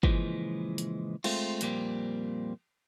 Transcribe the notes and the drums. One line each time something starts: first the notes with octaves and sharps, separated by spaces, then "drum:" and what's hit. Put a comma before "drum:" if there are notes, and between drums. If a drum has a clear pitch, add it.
C#2 A#2 E3 F3 G#3, drum: kick
drum: hi-hat
G#3 A3 C4 F4, drum: cymbal
F2 A#2 G3 A#3 C4, drum: hi-hat